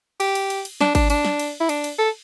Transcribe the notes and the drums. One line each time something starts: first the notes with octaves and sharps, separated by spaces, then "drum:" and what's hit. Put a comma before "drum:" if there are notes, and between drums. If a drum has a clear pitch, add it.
G4, drum: cymbal
drum: cymbal
drum: cymbal
drum: cymbal
D4, drum: snare
D4, drum: kick G#1, cymbal
D4, drum: cymbal
drum: snare
drum: cymbal
E4
D4, drum: cymbal
drum: cymbal
A4